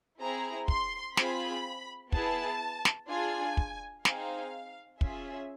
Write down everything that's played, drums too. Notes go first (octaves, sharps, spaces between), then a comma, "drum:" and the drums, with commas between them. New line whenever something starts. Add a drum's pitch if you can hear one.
C4 E4 G#4 A#5
C6, drum: kick
C4 F4 G#4 B5, drum: snare
B3 E4 G#4 A5, drum: kick
drum: snare
D4 F4 G#4 G#5
drum: kick
C4 D#4 G#4 F5, drum: snare
C#4 F4 G#4 E5, drum: kick